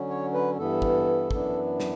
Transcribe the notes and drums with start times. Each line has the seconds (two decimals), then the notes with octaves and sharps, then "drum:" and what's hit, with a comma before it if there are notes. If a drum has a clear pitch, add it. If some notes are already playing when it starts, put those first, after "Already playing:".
Already playing: D3 F#3 C#4
0.09 C#5
0.33 B4
0.58 G2 E3 B3 A4
0.82 drum: kick
1.31 F#2 E3 B3 D4, drum: kick
1.80 drum: snare